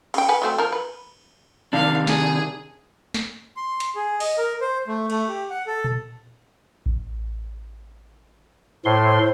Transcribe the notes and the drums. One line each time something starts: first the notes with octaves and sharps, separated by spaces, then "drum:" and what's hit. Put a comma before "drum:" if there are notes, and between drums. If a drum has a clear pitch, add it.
C#3 G5, drum: cymbal
B4 F#5 G#5
F#3 A3 C4
F3 A#4
B4
C3 D#3 D4 F5
G#4, drum: snare
drum: snare
C6
drum: hi-hat
G#4
D#5, drum: open hi-hat
A#4
C5
A3
A3, drum: cymbal
G4
F#5
A4
drum: tom A#2
drum: kick A1
A2 C5 C6